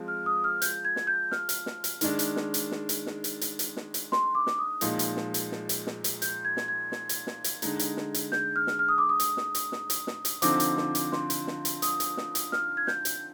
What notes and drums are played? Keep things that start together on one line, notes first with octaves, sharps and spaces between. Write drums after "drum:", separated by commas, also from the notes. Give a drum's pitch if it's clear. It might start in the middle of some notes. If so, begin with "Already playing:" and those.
Already playing: F3 G#3 C4
F6
D#6
F6
G6, drum: hi-hat
G#6
drum: snare
G6
F6, drum: snare
drum: hi-hat
drum: snare
drum: hi-hat
D#3 G#3 D4, drum: hi-hat
drum: hi-hat
drum: snare
drum: hi-hat
drum: snare
drum: hi-hat
drum: snare
drum: hi-hat
drum: hi-hat
drum: hi-hat
drum: snare
drum: hi-hat
C6, drum: snare
D6
drum: snare
D#6
A#2 F3 G#3 D#4, drum: hi-hat
drum: hi-hat
drum: snare
drum: hi-hat
drum: snare
drum: hi-hat
drum: snare
drum: hi-hat
G6, drum: hi-hat
G#6
drum: snare
G#6
drum: snare
drum: hi-hat
drum: snare
drum: hi-hat
D3 G#3 D#4, drum: hi-hat
drum: hi-hat
drum: snare
drum: hi-hat
G6, drum: snare
F6
drum: snare
F6
D#6
D6
D#6
drum: hi-hat
drum: snare
drum: hi-hat
drum: snare
drum: hi-hat
drum: snare
drum: hi-hat
D3 F3 C4 D#4 D6, drum: hi-hat
drum: hi-hat
drum: snare
drum: hi-hat
C6, drum: snare
drum: hi-hat
drum: snare
drum: hi-hat
D#6, drum: hi-hat
drum: hi-hat
drum: snare
drum: hi-hat
F6, drum: snare
G#6
G6, drum: snare
drum: hi-hat